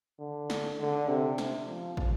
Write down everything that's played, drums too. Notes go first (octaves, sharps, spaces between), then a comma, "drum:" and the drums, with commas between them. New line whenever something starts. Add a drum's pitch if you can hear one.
D3
drum: snare
D3
C3
drum: snare
F3
drum: kick